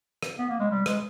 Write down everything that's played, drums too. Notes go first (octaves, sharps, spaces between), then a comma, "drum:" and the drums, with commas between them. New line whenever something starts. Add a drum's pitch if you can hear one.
drum: rim click
B3
A#3
G#3
G3
G#3, drum: rim click